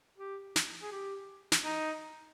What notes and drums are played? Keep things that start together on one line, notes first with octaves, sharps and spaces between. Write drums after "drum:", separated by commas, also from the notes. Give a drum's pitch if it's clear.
G4
drum: snare
G#4
G4
drum: snare
D#4